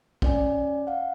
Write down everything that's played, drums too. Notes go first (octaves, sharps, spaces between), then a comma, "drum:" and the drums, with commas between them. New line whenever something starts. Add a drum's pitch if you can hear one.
C#4 D5 G#5, drum: kick
F5 F#5